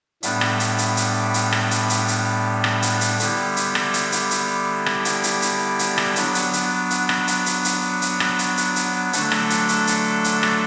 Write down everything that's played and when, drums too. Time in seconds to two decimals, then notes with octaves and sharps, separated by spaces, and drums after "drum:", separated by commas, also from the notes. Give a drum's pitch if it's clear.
0.23 A2 G3 B3 D4, drum: hi-hat
0.41 drum: rim click
0.60 drum: hi-hat
0.78 drum: hi-hat
0.97 drum: hi-hat
1.34 drum: hi-hat
1.53 drum: rim click
1.71 drum: hi-hat
1.90 drum: hi-hat
2.08 drum: hi-hat
2.64 drum: rim click
2.82 drum: hi-hat
3.01 drum: hi-hat
3.20 D3 G3 B3 E4 G4, drum: hi-hat
3.57 drum: hi-hat
3.75 drum: rim click
3.94 drum: hi-hat
4.12 drum: hi-hat
4.31 drum: hi-hat
4.86 drum: rim click
5.05 drum: hi-hat
5.23 drum: hi-hat
5.42 drum: hi-hat
5.79 drum: hi-hat
5.98 drum: rim click
6.16 F#3 B3 D4, drum: hi-hat
6.35 drum: hi-hat
6.53 drum: hi-hat
6.90 drum: hi-hat
7.09 drum: rim click
7.28 drum: hi-hat
7.46 drum: hi-hat
7.65 drum: hi-hat
8.02 drum: hi-hat
8.20 drum: rim click
8.39 drum: hi-hat
8.57 drum: hi-hat
8.76 drum: hi-hat
9.13 D3 F#3 A3 D4 A4, drum: hi-hat
9.32 drum: rim click
9.50 drum: hi-hat
9.69 drum: hi-hat
9.87 drum: hi-hat
10.24 drum: hi-hat
10.43 drum: rim click